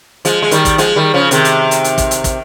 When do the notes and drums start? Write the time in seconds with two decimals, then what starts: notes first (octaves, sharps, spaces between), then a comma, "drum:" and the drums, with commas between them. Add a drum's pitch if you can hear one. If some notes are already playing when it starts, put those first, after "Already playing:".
0.25 F3 G#3, drum: hi-hat
0.42 G#3
0.51 D#3 G3, drum: hi-hat
0.65 drum: kick, hi-hat
0.78 F3 G#3, drum: hi-hat
0.96 D#3 G3
1.14 C#3 F3
1.31 C3 D#3, drum: hi-hat
1.45 drum: hi-hat
1.71 drum: hi-hat
1.84 drum: hi-hat
1.98 drum: kick, hi-hat
2.11 drum: hi-hat
2.24 drum: kick, hi-hat